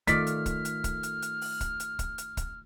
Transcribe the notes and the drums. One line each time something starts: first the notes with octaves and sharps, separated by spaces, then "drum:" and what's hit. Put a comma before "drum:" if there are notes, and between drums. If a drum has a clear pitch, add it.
D#3 A3 F4 D5 F6 B6, drum: kick, hi-hat
drum: hi-hat
drum: kick, hi-hat
drum: hi-hat
drum: kick, hi-hat
drum: hi-hat
drum: hi-hat
drum: open hi-hat
drum: kick, hi-hat
drum: hi-hat
drum: kick, hi-hat
drum: hi-hat
drum: kick, hi-hat